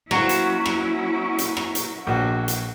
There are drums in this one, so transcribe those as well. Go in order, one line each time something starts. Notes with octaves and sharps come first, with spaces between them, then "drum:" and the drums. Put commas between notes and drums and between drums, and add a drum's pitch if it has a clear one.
F#3 A#3 C#4 E4 F#4 C5, drum: rim click
drum: hi-hat
drum: rim click
drum: hi-hat
drum: rim click
drum: hi-hat
A#1 F#4
drum: hi-hat